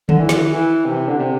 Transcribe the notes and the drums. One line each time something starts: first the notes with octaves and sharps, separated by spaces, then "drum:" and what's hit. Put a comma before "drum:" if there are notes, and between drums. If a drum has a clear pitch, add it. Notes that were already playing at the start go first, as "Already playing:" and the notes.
D3, drum: tom D3
E3
drum: snare
E3
C3
D3
C3